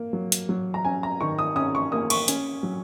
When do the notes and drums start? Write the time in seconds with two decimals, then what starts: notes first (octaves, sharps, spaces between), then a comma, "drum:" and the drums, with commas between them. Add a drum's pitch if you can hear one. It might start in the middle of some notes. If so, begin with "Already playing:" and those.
Already playing: A#3
0.13 F#3
0.32 drum: hi-hat
0.49 F#3
0.74 A#5
0.85 C#4 G#5
1.03 A#5
1.21 D#3 C#6
1.38 D#6
1.56 C#4 D#6
1.75 C#6
1.92 A#3 D#6
2.10 C#6, drum: cymbal
2.28 C#4, drum: hi-hat
2.63 F#3